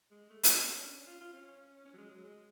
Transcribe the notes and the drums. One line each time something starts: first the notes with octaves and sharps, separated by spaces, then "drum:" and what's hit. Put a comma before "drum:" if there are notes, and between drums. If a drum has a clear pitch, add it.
G#3
A3
C#4, drum: hi-hat
B3
C#4
D4
C#4
F4
F4
C#4
C#4
F#3
G#3
F#3
G#3